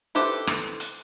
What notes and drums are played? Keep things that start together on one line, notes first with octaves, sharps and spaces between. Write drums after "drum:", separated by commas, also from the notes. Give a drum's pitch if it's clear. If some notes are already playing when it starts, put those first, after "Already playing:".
E4 G4 A4 B4 C5
drum: rim click
drum: hi-hat